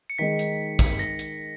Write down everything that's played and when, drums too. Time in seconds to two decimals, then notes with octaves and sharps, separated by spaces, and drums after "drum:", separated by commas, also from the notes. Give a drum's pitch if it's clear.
0.10 C#7
0.18 D#3 G#3 D#4 B6
0.39 drum: hi-hat
0.79 drum: kick, hi-hat
0.99 A#6
1.19 drum: hi-hat